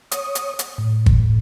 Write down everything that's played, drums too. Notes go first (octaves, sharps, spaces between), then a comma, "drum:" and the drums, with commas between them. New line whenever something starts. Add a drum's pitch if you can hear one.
C#5 D#6, drum: hi-hat
drum: hi-hat
drum: hi-hat
A2
drum: kick